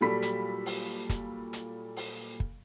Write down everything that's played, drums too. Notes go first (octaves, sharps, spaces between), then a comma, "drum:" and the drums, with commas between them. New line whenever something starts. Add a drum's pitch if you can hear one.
A#2 F#3 G3 A4 B5 B6
drum: hi-hat
drum: open hi-hat
drum: kick, hi-hat
drum: hi-hat
drum: open hi-hat
drum: kick